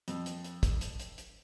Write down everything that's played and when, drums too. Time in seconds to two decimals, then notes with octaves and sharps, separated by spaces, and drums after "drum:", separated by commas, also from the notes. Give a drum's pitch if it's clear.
0.08 F2, drum: hi-hat
0.26 drum: hi-hat
0.44 drum: hi-hat
0.63 drum: kick, hi-hat
0.81 drum: hi-hat
1.00 drum: hi-hat
1.18 drum: hi-hat